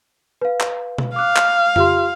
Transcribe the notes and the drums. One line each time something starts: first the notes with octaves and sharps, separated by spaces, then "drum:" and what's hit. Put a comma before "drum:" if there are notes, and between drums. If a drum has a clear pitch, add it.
B4 F5
drum: clap
drum: tom B2
F5 D6 F#6
drum: clap
F4 G4 C6, drum: tom F2